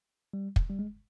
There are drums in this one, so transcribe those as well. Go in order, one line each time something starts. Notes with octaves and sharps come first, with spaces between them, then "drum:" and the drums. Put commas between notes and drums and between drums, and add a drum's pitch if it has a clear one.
G3
drum: kick
G3
G#3